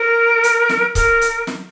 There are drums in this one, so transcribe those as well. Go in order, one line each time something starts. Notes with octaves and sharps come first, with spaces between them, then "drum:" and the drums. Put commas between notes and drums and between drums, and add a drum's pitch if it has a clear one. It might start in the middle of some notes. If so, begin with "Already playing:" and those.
Already playing: A#4
drum: hi-hat
drum: snare
A#4, drum: kick C#1, hi-hat
drum: hi-hat
drum: snare